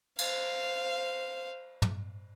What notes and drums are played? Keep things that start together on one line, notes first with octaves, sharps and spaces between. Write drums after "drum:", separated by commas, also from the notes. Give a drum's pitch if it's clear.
C5 F5, drum: cymbal
drum: tom